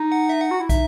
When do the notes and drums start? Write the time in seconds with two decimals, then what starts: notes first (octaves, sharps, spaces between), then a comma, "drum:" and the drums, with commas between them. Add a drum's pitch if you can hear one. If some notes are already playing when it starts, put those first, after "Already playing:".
Already playing: D#4
0.12 F#5
0.29 E5
0.41 F#5
0.51 F#4
0.60 E4
0.69 D#4 E5, drum: kick, hi-hat